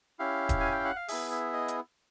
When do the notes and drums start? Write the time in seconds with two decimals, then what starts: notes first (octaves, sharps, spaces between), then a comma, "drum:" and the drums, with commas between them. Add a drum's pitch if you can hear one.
0.19 C#4 E4 G4 F5
0.49 drum: kick D#1, hi-hat
0.60 G#5
0.72 G5
0.85 F#5
0.96 F5
1.08 B3 E4 G#4 E5, drum: open hi-hat
1.31 E5
1.53 D#5
1.68 drum: hi-hat